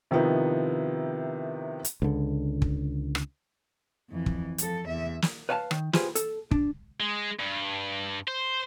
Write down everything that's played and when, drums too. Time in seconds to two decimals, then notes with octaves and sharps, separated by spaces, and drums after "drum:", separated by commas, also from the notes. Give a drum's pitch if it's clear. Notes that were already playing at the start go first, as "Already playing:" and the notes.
0.11 C3 D#3 F3 B3 D#4 E4
1.85 drum: hi-hat
2.02 C#2 D3
2.62 drum: kick
3.15 drum: rim click
4.10 F2 E3
4.26 drum: kick
4.58 F3 A4, drum: hi-hat
4.88 E2 E5
5.22 drum: snare
5.49 B4 C#5 F5 G#5 A5
5.71 D#3, drum: rim click
5.93 F4 G4 G#4 B4 C5, drum: snare
6.15 A4, drum: hi-hat
6.51 D4, drum: kick
7.00 G#3
7.40 G2
8.28 C5